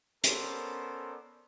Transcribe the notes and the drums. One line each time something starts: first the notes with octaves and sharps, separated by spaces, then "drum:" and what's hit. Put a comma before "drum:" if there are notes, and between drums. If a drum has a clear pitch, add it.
B3 C#4 A4 A#4 C5 D5, drum: hi-hat